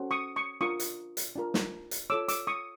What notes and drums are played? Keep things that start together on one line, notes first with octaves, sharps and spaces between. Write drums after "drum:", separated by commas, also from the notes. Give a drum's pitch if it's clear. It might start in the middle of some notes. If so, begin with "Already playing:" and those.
Already playing: C#4 F#4 A4 C5
C#6 D#6
C#6 D#6
D4 F4 A#4 C#6 D#6
drum: hi-hat
drum: hi-hat
D4 F4 A#4
drum: snare
drum: hi-hat
F4 A4 C#5 D6 E6
D6 E6, drum: hi-hat
C#6 D#6